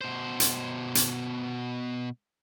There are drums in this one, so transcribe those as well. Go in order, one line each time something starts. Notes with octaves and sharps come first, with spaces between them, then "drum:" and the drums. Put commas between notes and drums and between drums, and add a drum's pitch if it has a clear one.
B2 C5
drum: hi-hat
drum: hi-hat